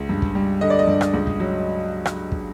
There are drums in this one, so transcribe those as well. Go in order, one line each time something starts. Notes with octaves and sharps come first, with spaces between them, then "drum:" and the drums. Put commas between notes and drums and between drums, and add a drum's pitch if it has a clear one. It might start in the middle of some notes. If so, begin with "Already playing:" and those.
Already playing: C#2
G2
drum: kick
G3
D3 D#5
D5
D#5
G2
drum: rim click
C#2
drum: kick
F#3
drum: rim click
drum: kick